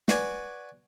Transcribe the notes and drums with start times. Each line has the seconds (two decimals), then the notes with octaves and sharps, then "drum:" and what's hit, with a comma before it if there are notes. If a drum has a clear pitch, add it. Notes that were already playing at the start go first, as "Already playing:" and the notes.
0.08 F#4 B4 D5 F#5 G#5, drum: snare